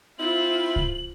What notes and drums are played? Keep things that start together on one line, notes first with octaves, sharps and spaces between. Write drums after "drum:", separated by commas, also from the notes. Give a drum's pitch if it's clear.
C4 E4 F4 C5 F#7
drum: kick C2